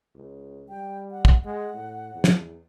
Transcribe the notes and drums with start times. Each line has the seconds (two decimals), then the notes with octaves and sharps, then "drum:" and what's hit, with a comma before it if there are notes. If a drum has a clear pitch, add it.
0.15 C#2
0.69 G3 G5
1.11 F#5
1.25 drum: kick
1.45 G#3 F#5
1.74 A2
2.14 E2
2.24 drum: snare